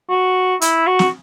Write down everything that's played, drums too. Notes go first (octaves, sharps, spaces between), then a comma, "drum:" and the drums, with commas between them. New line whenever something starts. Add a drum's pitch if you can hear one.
F#4
E4, drum: hi-hat
F#4
drum: snare